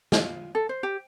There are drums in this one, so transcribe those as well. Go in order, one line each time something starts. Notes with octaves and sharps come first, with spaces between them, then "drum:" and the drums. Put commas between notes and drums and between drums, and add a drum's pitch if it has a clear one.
F4, drum: snare
A4
C5
G4